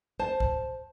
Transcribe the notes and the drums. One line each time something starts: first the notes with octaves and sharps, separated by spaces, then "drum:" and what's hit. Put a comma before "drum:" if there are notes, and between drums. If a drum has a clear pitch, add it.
C5 A5
drum: kick